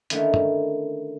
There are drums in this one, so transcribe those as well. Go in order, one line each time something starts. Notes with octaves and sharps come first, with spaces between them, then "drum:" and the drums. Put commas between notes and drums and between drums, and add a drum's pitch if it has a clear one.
D3 D#3 A3 A#3 C#4 E4, drum: hi-hat
drum: tom